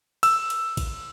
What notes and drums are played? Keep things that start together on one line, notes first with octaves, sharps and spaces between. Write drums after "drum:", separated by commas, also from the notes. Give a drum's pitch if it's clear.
E6, drum: cymbal
drum: cymbal
drum: kick A1, cymbal